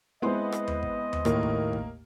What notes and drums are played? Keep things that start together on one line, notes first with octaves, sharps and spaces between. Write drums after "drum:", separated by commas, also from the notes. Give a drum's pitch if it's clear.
G#3 B3 C4 E4 D#5 C6
drum: rim click
drum: tom D#2
drum: kick G#1
drum: tom D#2
D#2 A2 A#3, drum: rim click
drum: kick G#1
drum: kick G#1